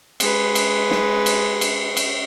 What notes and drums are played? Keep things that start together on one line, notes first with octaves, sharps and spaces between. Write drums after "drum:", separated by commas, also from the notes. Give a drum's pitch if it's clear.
G#3 B4, drum: cymbal
drum: cymbal
drum: snare
drum: cymbal
drum: cymbal
drum: cymbal